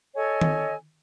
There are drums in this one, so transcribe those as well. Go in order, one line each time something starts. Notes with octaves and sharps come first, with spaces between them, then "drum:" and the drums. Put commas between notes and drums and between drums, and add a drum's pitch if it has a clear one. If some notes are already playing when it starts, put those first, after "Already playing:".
A4 C#5 D#5 G#5
drum: tom D#3